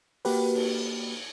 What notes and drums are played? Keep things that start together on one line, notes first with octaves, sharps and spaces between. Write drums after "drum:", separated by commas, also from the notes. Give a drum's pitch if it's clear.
A#3 F#4 G4 B4, drum: open hi-hat
drum: cymbal